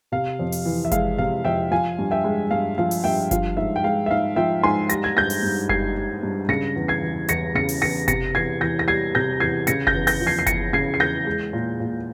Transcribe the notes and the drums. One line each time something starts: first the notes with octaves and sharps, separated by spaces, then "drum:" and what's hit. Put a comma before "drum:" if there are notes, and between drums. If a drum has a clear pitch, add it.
C3 F5
F2
drum: open hi-hat
E3
E5
G#3 F5, drum: kick F#1, hi-hat
C3 F5
F2 E5 G5
F3 F5 G#5
G2
E5 G5
G#3
G2 F5
F3 F5
drum: open hi-hat
G2 E5 G5
F3 F5, drum: kick F#1, hi-hat
G#2 E5
G5
G#3 F5
E5
G#2 F5
F3 E5 G5
G#2 G#5 C6
G3 A#6, drum: hi-hat
G#6
G2 G6 A#6
drum: open hi-hat
G2
G3 G#6 C7, drum: kick F#1
G3
G2
C#3 A#6 C#7
E2
G#6 C7
E3
E2 A#6 C#7, drum: hi-hat
C#3 A#6 C#7
drum: open hi-hat
E2 A#6 C#7
C3 A#6 C#7, drum: kick F#1, hi-hat
E2 G#6 C7
E3 G6 A#6
A#6
G3 G#6 C7
C3 G6 A#6
E2 G#6 C7
C#3 A#6 C#7, drum: hi-hat
G6 A#6, drum: kick F#1
E2
G6 A#6, drum: open hi-hat
F3
G#6 C7
C7
E2 A#6 C#7, drum: kick F#1, hi-hat
C#3 G#6 C7
C7
E2 G6 A#6
G#3
A#2
A#2